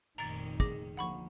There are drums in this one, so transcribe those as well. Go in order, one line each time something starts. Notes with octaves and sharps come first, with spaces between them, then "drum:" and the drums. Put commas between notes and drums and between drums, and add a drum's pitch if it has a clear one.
F1 A#2 D#3 A#5 A6, drum: cymbal
G#4 D6 A#6, drum: kick
D2 F3 A#3 F#5 B5 C#6